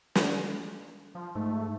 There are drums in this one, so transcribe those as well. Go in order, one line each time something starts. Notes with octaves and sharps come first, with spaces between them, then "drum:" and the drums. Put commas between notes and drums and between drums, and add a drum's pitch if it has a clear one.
drum: snare
F3
G#2 A3